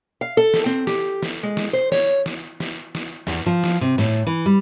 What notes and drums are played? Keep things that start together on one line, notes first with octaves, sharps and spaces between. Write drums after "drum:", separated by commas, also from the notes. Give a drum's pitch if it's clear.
F5
A4
drum: snare
C4
G4, drum: snare
drum: snare
G#3
drum: snare
C5
C#5, drum: snare
drum: snare
drum: snare
drum: snare
E2, drum: snare
F3
drum: snare
C3
A2, drum: snare
E3
G3